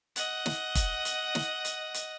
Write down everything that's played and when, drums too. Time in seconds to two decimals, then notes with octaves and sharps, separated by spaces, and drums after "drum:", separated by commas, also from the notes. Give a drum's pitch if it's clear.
0.16 D#5 F#5, drum: hi-hat
0.46 drum: snare
0.75 drum: kick, hi-hat
1.05 drum: hi-hat
1.35 drum: snare
1.65 drum: hi-hat
1.94 drum: hi-hat